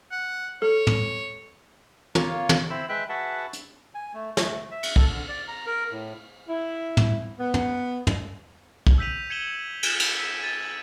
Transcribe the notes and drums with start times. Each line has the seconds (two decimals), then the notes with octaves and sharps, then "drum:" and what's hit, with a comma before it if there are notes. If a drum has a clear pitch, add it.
0.11 F#5
0.62 A4 C#5
0.87 drum: tom
2.15 A#3 F4 C#5, drum: tom
2.49 drum: tom
2.70 C4 E4 C5 B5 E6
2.89 G#3 B4 E5 G5 F#6
3.09 F#4 G#4 B4 E5 F#5 A5
3.53 drum: hi-hat
3.95 G#5
4.14 A3
4.37 A3, drum: snare
4.71 E5
4.83 drum: cymbal
4.96 A4, drum: kick
5.11 D3
5.28 D5
5.48 A#5
5.66 A#4
5.92 A2
6.49 E4
6.97 drum: tom
7.40 B3
7.54 drum: tom
8.07 drum: tom
8.87 drum: kick
8.98 E6 G6 B6 D#7 F7
9.30 G#6 C#7 D#7 E7 F#7 G7
9.83 drum: cymbal
10.00 drum: cymbal
10.16 E6 B6
10.40 A6 D#7